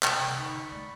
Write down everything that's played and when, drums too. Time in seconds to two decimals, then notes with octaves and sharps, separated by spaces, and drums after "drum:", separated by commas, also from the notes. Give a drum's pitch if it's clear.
0.03 C3 G5, drum: clap
0.22 C#3 B3
0.37 D3 D#4 B5 C#6
0.71 G#3 A3 D5